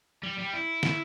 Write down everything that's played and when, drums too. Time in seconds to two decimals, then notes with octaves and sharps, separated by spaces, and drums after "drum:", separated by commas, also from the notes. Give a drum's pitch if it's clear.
0.23 G3
0.38 G3
0.53 E4
0.83 drum: snare